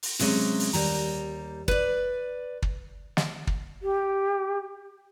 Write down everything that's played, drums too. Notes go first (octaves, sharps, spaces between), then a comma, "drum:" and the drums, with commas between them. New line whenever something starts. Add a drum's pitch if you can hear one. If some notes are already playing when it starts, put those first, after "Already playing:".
drum: open hi-hat
C3 F#3 G#3 C#4, drum: open hi-hat
drum: open hi-hat
D#2 G3 A#5, drum: open hi-hat
B4 D5, drum: kick
drum: kick
drum: snare
drum: kick
G4